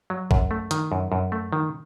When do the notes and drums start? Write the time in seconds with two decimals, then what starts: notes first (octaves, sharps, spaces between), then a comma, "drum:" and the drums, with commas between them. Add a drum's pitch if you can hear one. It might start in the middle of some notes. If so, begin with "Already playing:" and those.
0.10 F#3
0.31 F#2, drum: kick A1
0.51 A3
0.71 D#3, drum: hi-hat
0.92 F#2
1.12 F#2
1.32 A3
1.53 D#3